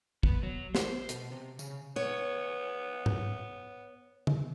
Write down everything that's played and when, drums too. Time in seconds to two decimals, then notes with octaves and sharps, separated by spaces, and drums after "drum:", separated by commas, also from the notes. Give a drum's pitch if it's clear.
0.23 B3, drum: kick
0.43 F#3
0.75 C5, drum: snare
1.09 B2, drum: hi-hat
1.32 C3
1.59 C#3, drum: tambourine
1.96 B3 C#5
3.06 drum: tom G#2
4.27 drum: tom